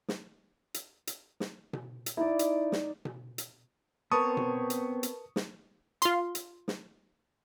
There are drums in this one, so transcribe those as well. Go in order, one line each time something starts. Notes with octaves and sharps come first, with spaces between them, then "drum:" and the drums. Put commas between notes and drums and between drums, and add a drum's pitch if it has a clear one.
drum: snare
drum: hi-hat
drum: hi-hat
drum: snare
drum: tom B2
drum: hi-hat
D#4 E4 D5
drum: hi-hat
drum: snare
drum: tom B2
drum: hi-hat
B3 C4 A#4 B4 C#5 A5 C#6 D#6
drum: tom B2
drum: hi-hat
drum: hi-hat
drum: snare
F4 C6, drum: hi-hat
drum: hi-hat
drum: snare